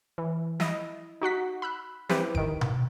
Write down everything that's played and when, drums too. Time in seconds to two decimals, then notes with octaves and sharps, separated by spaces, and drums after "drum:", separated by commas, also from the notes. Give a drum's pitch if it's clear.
0.18 E3
0.60 E4 D#5, drum: snare
1.21 D#4 F#4 F#5 B6
1.62 B5 E6 F#6
2.09 C4 E4 G4 B4 C5, drum: snare
2.35 D#3 D7, drum: kick F#1
2.61 drum: tom B2